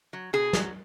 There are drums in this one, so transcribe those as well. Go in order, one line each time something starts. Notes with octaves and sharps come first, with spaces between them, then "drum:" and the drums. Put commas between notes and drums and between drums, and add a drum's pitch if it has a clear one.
F#3
B2 G#4
F#3, drum: snare